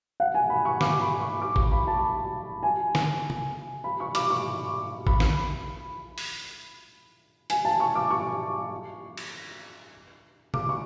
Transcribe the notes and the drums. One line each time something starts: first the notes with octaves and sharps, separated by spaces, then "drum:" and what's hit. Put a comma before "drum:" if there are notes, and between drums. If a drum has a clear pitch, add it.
F#5
G#5
B5
C#6
D6, drum: snare
B5
C#6
D6
C#6, drum: kick
B5
A5
G#5
drum: snare
drum: tom
B5
C#6
D6, drum: hi-hat
C#6
B5, drum: kick
drum: snare
drum: open hi-hat
G#5, drum: hi-hat
A5
C#6
D6
C#6
drum: cymbal
D6, drum: tom
C#6